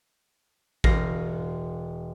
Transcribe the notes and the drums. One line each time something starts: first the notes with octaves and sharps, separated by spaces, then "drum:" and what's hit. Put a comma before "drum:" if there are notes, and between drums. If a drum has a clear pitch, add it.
E1 F5 A#6, drum: kick A1